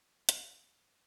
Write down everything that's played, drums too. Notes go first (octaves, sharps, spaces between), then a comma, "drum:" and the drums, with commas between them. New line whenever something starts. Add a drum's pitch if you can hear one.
F2
G6, drum: hi-hat
C5
B6
G#2